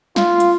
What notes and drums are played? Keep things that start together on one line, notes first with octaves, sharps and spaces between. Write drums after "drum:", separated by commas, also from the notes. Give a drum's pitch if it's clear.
F4, drum: snare
drum: hi-hat